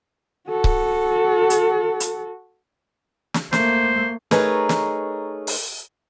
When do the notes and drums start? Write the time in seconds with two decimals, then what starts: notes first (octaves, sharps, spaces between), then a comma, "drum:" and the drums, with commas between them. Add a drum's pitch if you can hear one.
0.50 F#4 A4
0.64 drum: kick C#1
1.50 drum: hi-hat
2.00 drum: hi-hat
3.34 drum: snare
3.53 A3 A#3 C5, drum: snare
4.31 A3 D#4 G#4 A#4 B4 C#5, drum: snare
4.69 drum: snare
5.47 drum: open hi-hat